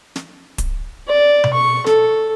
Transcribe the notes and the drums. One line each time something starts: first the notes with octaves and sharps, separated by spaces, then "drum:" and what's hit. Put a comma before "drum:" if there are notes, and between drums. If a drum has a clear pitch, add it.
drum: snare
drum: kick D1, hi-hat
D5
drum: tom B2
C#6
A4, drum: snare